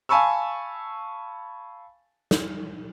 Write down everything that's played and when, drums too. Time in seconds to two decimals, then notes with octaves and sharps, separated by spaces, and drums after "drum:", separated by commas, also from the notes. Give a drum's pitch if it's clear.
0.09 F5 G#5 A5 B5 C#6 E6
2.31 drum: snare